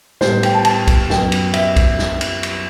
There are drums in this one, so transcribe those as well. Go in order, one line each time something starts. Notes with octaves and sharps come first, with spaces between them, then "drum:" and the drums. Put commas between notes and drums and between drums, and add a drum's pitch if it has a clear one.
A2 G3 B3 C5, drum: snare
G5, drum: cymbal
A5
A5, drum: cymbal
drum: kick B1, cymbal
F#2 F#3 B3 G5, drum: snare
drum: cymbal
E5, drum: cymbal
drum: kick B1, cymbal
drum: snare
drum: cymbal
drum: cymbal